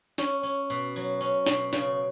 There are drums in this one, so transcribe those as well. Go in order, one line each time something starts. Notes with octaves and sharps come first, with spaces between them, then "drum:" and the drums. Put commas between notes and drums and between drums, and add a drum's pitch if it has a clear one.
C#4, drum: snare
C#4, drum: tambourine
B2
F#3, drum: tambourine
C#4, drum: tambourine
B2, drum: snare
C#3, drum: snare